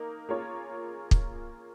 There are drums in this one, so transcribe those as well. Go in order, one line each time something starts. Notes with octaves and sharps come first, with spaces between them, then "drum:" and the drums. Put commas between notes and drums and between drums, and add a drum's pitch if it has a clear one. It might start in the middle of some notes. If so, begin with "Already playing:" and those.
Already playing: A#3 D#4
A#3 F4 G#4 C#5
drum: kick